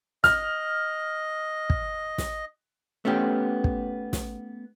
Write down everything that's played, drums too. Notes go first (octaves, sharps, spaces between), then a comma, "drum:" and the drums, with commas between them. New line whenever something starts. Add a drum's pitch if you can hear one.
D#5 F6, drum: snare
drum: kick
drum: snare
A3 B3 C#4 G4
drum: kick
drum: snare